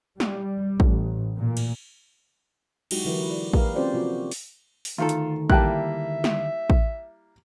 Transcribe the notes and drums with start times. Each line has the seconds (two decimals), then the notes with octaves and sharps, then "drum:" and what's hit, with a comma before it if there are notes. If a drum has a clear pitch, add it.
0.20 G3, drum: snare
0.80 A1, drum: kick A1
1.39 A#2
1.57 drum: cymbal
2.91 F#3 G#3 D#4 E4 F#4 G4, drum: cymbal
3.05 D3 E3 F#3 E4 A#4 B4
3.30 D5
3.53 A#3 G4 G#4 A#4 B4 F5, drum: kick A1
3.75 C4 C#4 F4 G4 C5 D5
3.94 C3 F3 F4 F#4
4.31 drum: open hi-hat
4.85 drum: open hi-hat
4.98 D2 D#3 F4 A4
5.09 drum: hi-hat
5.50 G3 A#3 E4 E5 G5 A5 F#6, drum: kick A1
6.24 drum: snare
6.70 drum: kick A1